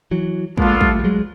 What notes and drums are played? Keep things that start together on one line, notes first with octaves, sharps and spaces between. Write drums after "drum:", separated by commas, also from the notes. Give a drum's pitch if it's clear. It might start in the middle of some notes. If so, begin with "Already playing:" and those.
E3 F#3
G#3 A#3 B3 D4 F4 A4, drum: kick
G3 A3, drum: kick
G3
F#3 G#3